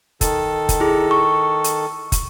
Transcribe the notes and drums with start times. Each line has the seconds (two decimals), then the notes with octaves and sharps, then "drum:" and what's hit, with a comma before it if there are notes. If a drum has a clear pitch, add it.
0.21 D#3 A4, drum: kick, hi-hat
0.69 drum: kick, hi-hat
0.80 E4 G#4
1.11 C#6
1.64 drum: hi-hat
2.12 drum: kick, hi-hat